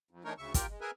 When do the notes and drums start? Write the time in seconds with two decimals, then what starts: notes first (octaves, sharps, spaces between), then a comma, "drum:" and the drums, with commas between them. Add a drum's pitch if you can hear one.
0.11 F2
0.25 E3 A3 D4 D#4 A#4 C#5
0.38 D2 C#3 E5 C#6
0.54 F4 G4 A#4 G5, drum: kick, hi-hat
0.69 G#3
0.81 G#4 A#4 B4 E5 G#5